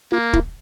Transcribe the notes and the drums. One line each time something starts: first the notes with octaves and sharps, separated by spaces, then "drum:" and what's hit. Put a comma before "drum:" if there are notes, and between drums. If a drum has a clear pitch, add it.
A#3 F4
E4, drum: kick